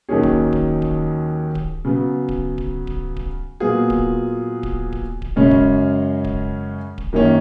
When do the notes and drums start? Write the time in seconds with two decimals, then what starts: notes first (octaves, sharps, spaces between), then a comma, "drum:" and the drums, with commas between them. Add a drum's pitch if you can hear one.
0.09 D#2 D#3 F#3 C#4 G#4
0.23 drum: kick D1
0.53 drum: kick D1
0.82 drum: kick D1
1.55 drum: kick D1
1.85 C#3 F#3 B3
2.29 drum: kick D1
2.58 drum: kick D1
2.87 drum: kick D1
3.17 drum: kick D1
3.60 A#2 F#3 B3 F4 G#4
3.90 drum: kick D1
4.63 drum: kick D1
4.92 drum: kick D1
5.22 drum: kick D1
5.36 F#2 C#3 G#3 C#4
5.51 drum: kick D1
6.24 drum: kick D1
6.98 drum: kick D1
7.13 F#2 D#3 A#3 C#4